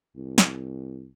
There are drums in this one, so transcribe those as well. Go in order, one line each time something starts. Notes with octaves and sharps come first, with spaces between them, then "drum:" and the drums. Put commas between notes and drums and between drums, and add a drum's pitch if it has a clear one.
C2
drum: snare